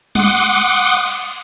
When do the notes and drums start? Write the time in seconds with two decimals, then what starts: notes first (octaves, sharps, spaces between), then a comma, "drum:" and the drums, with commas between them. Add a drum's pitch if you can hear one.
0.15 F#5 C6 D6 D#6, drum: tom G3
1.06 drum: cymbal